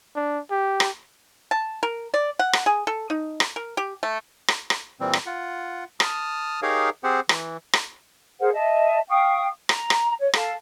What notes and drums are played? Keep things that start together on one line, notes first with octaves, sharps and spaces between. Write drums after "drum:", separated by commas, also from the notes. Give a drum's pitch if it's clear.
D4
G4
drum: rim click
A5
A#4
D5
F#5
drum: rim click
G#4
A4
D#4
drum: rim click
A#4
G4
A3
drum: rim click
drum: rim click
A#2 E3 G3 C4
drum: rim click
F4 F#5
A5 D#6 F6, drum: rim click
D#4 G4 G#4 A#4 C#5 F5
C4 G4 G#4 C5 F#5
E3, drum: rim click
drum: rim click
G#4 A#4 C5 F#5
D#5 E5 A5
F5 G5 C#6 D#6
A#5, drum: rim click
drum: rim click
C#5
A4 F5 A5, drum: rim click